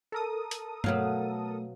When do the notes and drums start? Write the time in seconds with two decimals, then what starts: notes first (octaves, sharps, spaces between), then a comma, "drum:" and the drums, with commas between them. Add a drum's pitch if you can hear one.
0.12 A4 A#4 D#6
0.51 drum: hi-hat
0.84 B2 F#3 A3 F5, drum: tom G2